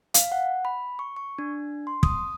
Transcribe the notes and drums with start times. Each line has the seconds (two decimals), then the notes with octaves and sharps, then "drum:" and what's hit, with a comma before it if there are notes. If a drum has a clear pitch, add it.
0.14 F5, drum: hi-hat
0.32 F#5
0.65 B5
0.99 C#6
1.16 C#6
1.39 D4
1.87 C6
2.03 D#6, drum: kick